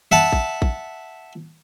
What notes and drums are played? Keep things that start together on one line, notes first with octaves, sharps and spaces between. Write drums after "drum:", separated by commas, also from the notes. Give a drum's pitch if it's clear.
E5 F#5 A5, drum: tom F2
drum: kick
drum: kick